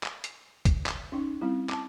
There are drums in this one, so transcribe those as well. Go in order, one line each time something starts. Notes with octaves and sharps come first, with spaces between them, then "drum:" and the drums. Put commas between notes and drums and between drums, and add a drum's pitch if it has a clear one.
drum: clap
drum: hi-hat
drum: kick F#1, hi-hat
drum: clap
C#4 D#4
G3 C4 E4
A5 D6, drum: clap